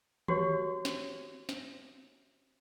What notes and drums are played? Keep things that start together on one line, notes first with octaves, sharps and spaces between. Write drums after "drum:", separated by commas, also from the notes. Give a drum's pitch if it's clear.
F#4 G4 C#5, drum: tom D#3
drum: snare
drum: snare